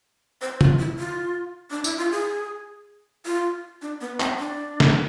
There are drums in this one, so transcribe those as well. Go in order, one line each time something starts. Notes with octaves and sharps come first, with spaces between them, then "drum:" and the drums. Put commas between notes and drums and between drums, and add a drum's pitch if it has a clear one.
C5
F4, drum: tom C#3
E4
F4
D4
E4, drum: tambourine
F4
G#4
F4
D4
B3
C4, drum: clap
D4
drum: snare